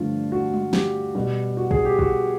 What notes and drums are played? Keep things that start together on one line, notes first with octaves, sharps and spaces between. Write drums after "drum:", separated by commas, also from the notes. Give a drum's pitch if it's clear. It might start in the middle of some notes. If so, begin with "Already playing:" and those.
Already playing: G2 D3 F3 A3 F4
F#4
drum: tom G3
G4, drum: snare
B2 G3
F#4
G#4, drum: kick
G4
F#4, drum: kick